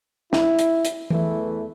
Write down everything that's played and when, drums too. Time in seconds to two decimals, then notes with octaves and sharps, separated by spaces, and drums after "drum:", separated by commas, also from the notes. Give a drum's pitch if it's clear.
0.33 E4, drum: snare
0.59 drum: hi-hat
0.85 drum: hi-hat
1.10 E2 E3 A3 E4, drum: tom E3